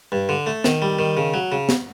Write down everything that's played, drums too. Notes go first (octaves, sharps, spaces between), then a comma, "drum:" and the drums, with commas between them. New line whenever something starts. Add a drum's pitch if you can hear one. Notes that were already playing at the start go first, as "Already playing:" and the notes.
G2
D3
A3
D#3, drum: snare
G3
D#3
C#3
F#3
C#3
drum: snare